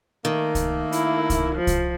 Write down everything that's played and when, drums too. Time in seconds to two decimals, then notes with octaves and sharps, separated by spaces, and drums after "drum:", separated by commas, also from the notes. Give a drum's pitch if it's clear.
0.25 D#3 A3 A#3
0.55 drum: kick C2, hi-hat
0.92 E4, drum: hi-hat
1.30 drum: kick C2, hi-hat
1.55 F3
1.67 drum: kick C2, hi-hat